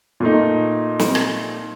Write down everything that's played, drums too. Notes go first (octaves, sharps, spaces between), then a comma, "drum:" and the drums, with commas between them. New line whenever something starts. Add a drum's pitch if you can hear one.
A#2 A3 D#4
drum: snare
drum: rim click